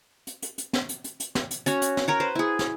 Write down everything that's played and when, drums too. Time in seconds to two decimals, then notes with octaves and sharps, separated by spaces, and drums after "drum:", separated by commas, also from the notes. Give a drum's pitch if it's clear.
0.27 drum: hi-hat
0.42 drum: hi-hat
0.58 drum: hi-hat
0.73 drum: snare
0.89 drum: hi-hat
1.04 drum: hi-hat
1.20 drum: hi-hat
1.35 drum: snare
1.51 drum: hi-hat
1.66 C#4 F#4 C#5, drum: hi-hat
1.82 drum: hi-hat
1.97 drum: snare
2.08 A#4 C#5 F#5
2.20 B4 C5
2.35 E4 G#4
2.59 drum: snare